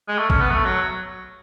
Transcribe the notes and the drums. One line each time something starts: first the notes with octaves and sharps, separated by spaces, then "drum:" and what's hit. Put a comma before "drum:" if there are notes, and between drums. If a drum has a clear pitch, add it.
G#3
A3
C#4, drum: kick A1
B3
A3
F#3